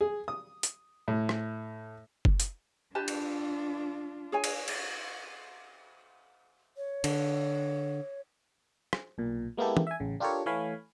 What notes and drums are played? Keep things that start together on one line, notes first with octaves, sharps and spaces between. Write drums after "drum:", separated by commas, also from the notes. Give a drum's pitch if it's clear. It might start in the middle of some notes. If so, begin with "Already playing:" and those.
G#4
D#6
drum: hi-hat
A2
drum: rim click
drum: kick F#1
drum: hi-hat
D4 F4 G4 B4 A5
drum: cymbal
G#4 C#5 G#5
drum: cymbal
drum: cymbal
C#5
D3, drum: cymbal
drum: rim click
B1 A#2
G#3 A#3 B3 E4 G4 A4
drum: tom
E5 G#5
A1 C#3
D4 F4 G4 A4 A#4 C#5
E3 A3 C#5 F5 G#5 B5